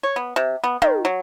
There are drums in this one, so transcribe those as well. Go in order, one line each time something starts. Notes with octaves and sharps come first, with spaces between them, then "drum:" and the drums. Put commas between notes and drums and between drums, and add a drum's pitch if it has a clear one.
C#5
B3
C3
B3
D#3, drum: tom
F#3